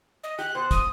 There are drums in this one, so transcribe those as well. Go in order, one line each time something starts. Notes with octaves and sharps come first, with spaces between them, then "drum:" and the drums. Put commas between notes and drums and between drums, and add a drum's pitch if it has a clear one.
D#5
G4 F#6
B2 C5
D#6, drum: kick, hi-hat